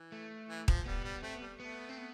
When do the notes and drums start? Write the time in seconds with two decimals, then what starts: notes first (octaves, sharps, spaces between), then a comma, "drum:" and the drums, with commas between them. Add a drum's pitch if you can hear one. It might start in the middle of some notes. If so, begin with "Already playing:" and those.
Already playing: E3
0.12 A3
0.49 E3
0.68 F3, drum: kick D#1
0.86 G3 B3
1.04 G3
1.15 B3
1.23 A3 C4
1.35 B3
1.42 G3
1.60 A3 B3
1.89 C4
1.98 B3